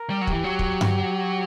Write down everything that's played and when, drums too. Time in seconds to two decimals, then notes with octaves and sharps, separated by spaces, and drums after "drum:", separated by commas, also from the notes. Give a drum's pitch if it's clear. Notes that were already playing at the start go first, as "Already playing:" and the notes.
Already playing: A#4
0.10 G3
0.21 F#3
0.27 E3 G4, drum: kick
0.44 F#3
0.59 drum: kick
0.81 drum: tom G2